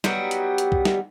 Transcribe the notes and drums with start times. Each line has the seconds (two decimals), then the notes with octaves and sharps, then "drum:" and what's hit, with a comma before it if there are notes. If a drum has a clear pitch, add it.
0.04 F#3 G3 B3 D#4, drum: snare
0.31 drum: hi-hat
0.58 drum: hi-hat
0.72 drum: kick B1
0.85 drum: snare